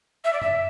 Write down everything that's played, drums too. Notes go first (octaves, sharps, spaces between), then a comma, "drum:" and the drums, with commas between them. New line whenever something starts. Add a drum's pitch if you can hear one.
E5
D5
E5, drum: tom F#2